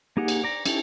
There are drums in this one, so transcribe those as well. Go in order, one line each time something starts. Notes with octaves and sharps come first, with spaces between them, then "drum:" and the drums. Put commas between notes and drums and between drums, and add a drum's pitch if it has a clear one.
A#3 D#4 G4 G#4 F#5
drum: cymbal
D5 A#5
C#4 D#4 E4 G4 A4, drum: cymbal